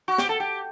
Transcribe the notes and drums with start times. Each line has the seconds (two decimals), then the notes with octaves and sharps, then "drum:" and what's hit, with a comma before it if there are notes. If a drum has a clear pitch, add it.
0.08 F#4
0.18 G4, drum: snare
0.29 A4
0.40 G4